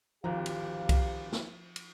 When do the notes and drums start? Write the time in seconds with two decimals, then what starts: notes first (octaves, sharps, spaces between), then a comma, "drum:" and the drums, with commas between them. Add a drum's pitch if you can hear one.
0.24 D1 G#1 F3 G4 F5 A#5
0.46 drum: cymbal
0.89 drum: kick B1, cymbal
1.32 drum: snare
1.76 drum: cymbal